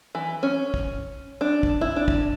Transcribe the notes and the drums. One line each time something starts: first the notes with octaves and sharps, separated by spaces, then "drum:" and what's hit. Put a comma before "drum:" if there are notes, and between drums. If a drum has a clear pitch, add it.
E3
C#4
drum: kick
D4
drum: kick
E4
D4
drum: kick